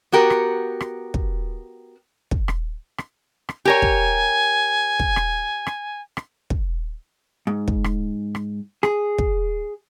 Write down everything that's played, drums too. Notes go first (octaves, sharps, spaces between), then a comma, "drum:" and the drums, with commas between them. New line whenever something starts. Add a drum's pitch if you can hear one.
B3 F#4 G4 A#4
drum: rim click
drum: rim click
drum: kick
drum: kick
drum: rim click
drum: rim click
drum: rim click
G4 A#4 C#5 G#5
drum: kick
drum: kick
drum: rim click
drum: rim click
drum: rim click
drum: kick
G#2
drum: kick
drum: rim click
drum: rim click
G#4, drum: rim click
drum: kick